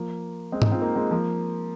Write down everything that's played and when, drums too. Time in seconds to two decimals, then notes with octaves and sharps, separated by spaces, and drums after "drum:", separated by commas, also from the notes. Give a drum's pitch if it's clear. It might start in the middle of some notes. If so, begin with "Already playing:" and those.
Already playing: F3 A#3
0.52 G#3 C4
0.62 D#4 G#4, drum: tom G#2
0.72 C4 F4
0.81 A#3 D#4
0.96 G#3 C4
1.11 F3 A#3